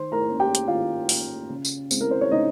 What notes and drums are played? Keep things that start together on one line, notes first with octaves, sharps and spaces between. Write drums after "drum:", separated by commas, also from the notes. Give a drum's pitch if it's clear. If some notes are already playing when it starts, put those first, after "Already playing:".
Already playing: D#3 C5 C6
A#4 A#5
A#3 C#4
G4 G5
drum: hi-hat
D#3 F4 F5
A#3 C#4, drum: open hi-hat
C#3
drum: tambourine
G#3 C4, drum: tambourine
A#4
C5
C#5
C#3 D#4 D#5